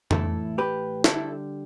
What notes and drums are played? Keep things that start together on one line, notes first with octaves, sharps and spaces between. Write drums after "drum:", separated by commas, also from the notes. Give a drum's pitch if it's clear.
A2 E3 A3 E4 A4, drum: tom F2
G4 B4
D3 G3 E4 A4, drum: snare